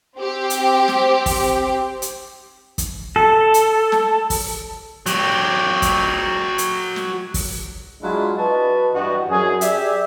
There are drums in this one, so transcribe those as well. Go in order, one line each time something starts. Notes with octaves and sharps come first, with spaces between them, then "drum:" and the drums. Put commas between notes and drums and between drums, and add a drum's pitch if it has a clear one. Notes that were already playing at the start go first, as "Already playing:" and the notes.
C4 G4
drum: hi-hat
drum: snare
drum: kick, open hi-hat
drum: hi-hat
drum: kick, hi-hat
A4
drum: hi-hat
drum: snare
drum: kick, open hi-hat
F#3 G4, drum: hi-hat
drum: kick, hi-hat
drum: hi-hat
drum: snare
drum: kick, open hi-hat
F#3 G#3 D4 E4 F4
F#4 B4 D#5 A5
G2 E3 G3 F#4 G4 D#5
F#2 G#4
G4 G#4 D5 E5, drum: hi-hat